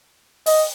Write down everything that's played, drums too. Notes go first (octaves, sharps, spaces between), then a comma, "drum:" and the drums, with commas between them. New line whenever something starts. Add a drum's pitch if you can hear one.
D#5, drum: open hi-hat